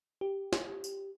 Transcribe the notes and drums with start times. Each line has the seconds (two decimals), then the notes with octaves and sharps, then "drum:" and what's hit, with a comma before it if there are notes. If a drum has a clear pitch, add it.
0.21 G4
0.53 drum: snare
0.84 drum: tambourine